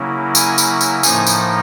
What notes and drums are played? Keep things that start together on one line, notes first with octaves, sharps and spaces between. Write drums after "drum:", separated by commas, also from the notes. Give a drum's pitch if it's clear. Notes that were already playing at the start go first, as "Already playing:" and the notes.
Already playing: C#3 F#3 A#3 C#4 E4
G#5, drum: tambourine
drum: tambourine
drum: tambourine
A2 F3 A#3 D#4 G#5, drum: tambourine
drum: tambourine